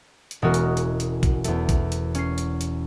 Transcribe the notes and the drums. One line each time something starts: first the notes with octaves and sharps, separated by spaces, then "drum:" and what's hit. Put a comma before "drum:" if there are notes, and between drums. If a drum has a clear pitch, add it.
drum: hi-hat
E1 G#3 C#4 F#4 A#4
drum: hi-hat
drum: hi-hat
drum: hi-hat
drum: kick, hi-hat
E2 A3, drum: hi-hat
drum: kick, hi-hat
drum: hi-hat
C#4 C7, drum: hi-hat
drum: hi-hat
drum: hi-hat